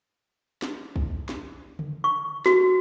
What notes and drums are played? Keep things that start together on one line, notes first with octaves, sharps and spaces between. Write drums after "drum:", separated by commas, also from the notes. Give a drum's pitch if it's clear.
drum: snare
drum: kick
drum: snare
drum: tom C#3
C#6
F#4, drum: snare